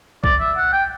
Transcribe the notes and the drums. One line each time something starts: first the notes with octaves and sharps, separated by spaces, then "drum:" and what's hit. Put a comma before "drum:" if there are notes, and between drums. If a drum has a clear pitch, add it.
D5, drum: kick
E5
F#5
G5